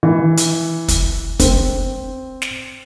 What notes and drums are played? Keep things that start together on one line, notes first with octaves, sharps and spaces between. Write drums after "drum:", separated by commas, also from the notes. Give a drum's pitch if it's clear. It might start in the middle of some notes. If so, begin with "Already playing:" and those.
E3
drum: hi-hat
drum: kick, hi-hat
C4, drum: kick, hi-hat
drum: snare